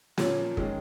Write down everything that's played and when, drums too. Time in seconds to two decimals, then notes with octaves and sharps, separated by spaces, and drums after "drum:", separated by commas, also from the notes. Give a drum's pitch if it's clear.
0.18 A#2 F3 A#3 C#4 C#5, drum: snare
0.57 D#3 G#3 C#4, drum: kick